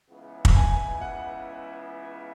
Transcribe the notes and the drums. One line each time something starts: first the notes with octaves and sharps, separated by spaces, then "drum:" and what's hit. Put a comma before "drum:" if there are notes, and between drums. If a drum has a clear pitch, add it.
C#2 C#3 E3 B3 E4
drum: kick
G#5
F#5